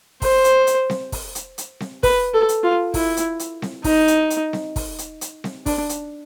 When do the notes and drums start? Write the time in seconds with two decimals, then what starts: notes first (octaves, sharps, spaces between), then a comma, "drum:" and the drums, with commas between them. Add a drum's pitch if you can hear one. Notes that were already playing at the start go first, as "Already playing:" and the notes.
0.22 C5, drum: kick, open hi-hat
0.44 drum: hi-hat
0.67 drum: hi-hat
0.90 drum: snare C4
1.12 drum: kick, open hi-hat
1.35 drum: hi-hat
1.58 drum: hi-hat
1.80 drum: snare C4
2.03 B4, drum: kick, open hi-hat
2.34 A4
2.49 drum: hi-hat
2.64 F4
2.94 E4, drum: kick, open hi-hat
3.17 drum: hi-hat
3.39 drum: hi-hat
3.62 drum: snare C4
3.84 D#4, drum: kick, open hi-hat
4.08 drum: hi-hat
4.30 drum: hi-hat
4.53 drum: snare C4
4.76 drum: kick, open hi-hat
4.98 drum: hi-hat
5.21 drum: hi-hat
5.44 drum: snare C4
5.66 D4, drum: kick, open hi-hat
5.89 drum: hi-hat